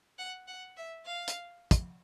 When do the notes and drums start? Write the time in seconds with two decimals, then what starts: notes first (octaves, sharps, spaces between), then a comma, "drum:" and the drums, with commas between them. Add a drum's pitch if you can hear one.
0.19 F#5
0.48 F#5
0.77 E5
1.06 F5
1.27 drum: hi-hat
1.71 drum: kick, hi-hat